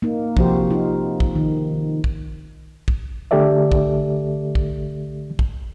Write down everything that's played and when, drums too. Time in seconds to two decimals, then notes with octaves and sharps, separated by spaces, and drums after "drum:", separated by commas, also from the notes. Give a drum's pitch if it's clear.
0.02 A#3 D#4
0.37 C3 F3 F#4 G4 C5, drum: kick
0.71 D#4 F4
1.20 drum: kick
1.35 D#3
2.04 drum: kick
2.88 drum: kick
3.31 D3 A3 G4 A4 D5 E5
3.72 drum: kick
4.55 drum: kick
5.39 drum: kick